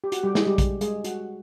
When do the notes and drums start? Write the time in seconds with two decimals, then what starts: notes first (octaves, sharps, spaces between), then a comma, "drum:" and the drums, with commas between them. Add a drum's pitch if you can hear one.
0.04 G4
0.12 F#4, drum: hi-hat
0.23 G3 G4
0.35 G#3 G#4, drum: snare
0.46 G3 G4
0.58 drum: kick, hi-hat
0.81 G#3 G#4, drum: hi-hat
1.04 F#4, drum: hi-hat